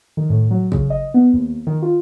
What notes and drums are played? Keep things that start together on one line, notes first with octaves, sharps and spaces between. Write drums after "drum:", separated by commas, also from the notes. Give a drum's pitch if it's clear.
D#3
A2
F#3
C#3, drum: kick
D#5
B3
D#2
D#3
F4